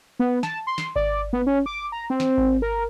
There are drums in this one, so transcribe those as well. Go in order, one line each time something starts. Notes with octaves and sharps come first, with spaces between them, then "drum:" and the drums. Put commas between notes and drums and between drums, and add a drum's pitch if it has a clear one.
B3
A5, drum: snare
C6
drum: snare
D5, drum: kick G#1
B3
C#4
D6
A#5
C4
drum: snare
drum: kick G#1
A#4